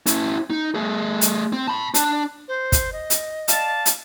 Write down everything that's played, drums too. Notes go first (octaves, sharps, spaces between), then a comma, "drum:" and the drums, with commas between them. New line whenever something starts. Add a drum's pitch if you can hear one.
C#4 E4, drum: hi-hat
D#4
A3 G#4
drum: hi-hat
C4
A5 B5
D4, drum: hi-hat
C5
drum: kick, hi-hat
D#5
drum: hi-hat
D5 F5 A5, drum: hi-hat
drum: hi-hat